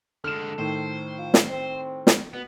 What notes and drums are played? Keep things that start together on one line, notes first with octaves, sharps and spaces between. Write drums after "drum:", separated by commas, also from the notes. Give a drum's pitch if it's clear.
D3 G#3 A4 F6 E7
A2 D#3 C5
F3
drum: snare
C4
drum: snare
B2 B3